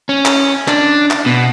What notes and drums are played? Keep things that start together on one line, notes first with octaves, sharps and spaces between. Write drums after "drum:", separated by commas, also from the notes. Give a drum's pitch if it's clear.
C#4
drum: clap
D4, drum: clap
drum: clap
B2